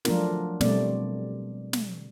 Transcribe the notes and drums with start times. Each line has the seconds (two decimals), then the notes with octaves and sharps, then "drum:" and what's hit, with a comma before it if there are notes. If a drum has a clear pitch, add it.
0.05 F3 F#3 A3 D4 F4 A#4, drum: snare
0.61 B2 G3 A3 C4 D5, drum: snare
1.73 drum: snare